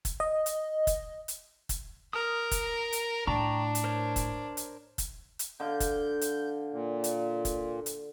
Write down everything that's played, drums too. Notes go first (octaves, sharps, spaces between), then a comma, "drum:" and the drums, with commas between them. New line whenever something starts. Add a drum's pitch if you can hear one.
drum: kick, hi-hat
D#5
drum: hi-hat
drum: kick, hi-hat
drum: hi-hat
drum: kick, hi-hat
A#4 D#6 F6
drum: kick, hi-hat
drum: hi-hat
A2 D4 G5 A#5 C#6
drum: hi-hat
A#4 C5 C#5
drum: kick, hi-hat
drum: hi-hat
drum: kick, hi-hat
drum: hi-hat
D3 F5 G6
drum: kick, hi-hat
drum: hi-hat
A#2
drum: hi-hat
drum: kick, hi-hat
drum: hi-hat